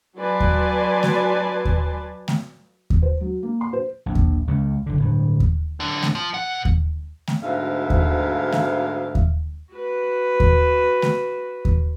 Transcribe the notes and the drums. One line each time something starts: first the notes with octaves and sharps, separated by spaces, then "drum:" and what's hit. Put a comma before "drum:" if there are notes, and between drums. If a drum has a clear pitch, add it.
F#3 B4 D5 G#5 A5 C6
drum: kick D#2
drum: snare A3
drum: kick D#2
drum: snare A3
drum: kick D#2
C5
F#3
A#3
C6
C5
A#1
drum: kick D#2
C#2 C#3
F#1 D3
D1 G2
drum: kick D#2
B1 D3
drum: snare A3
F3
B2 F#5
drum: kick D#2
drum: snare A3
D2 G#2 B2 E5 F5
drum: kick D#2
drum: snare A3
drum: kick D#2
F#4 B4
drum: kick D#2
drum: snare A3
drum: kick D#2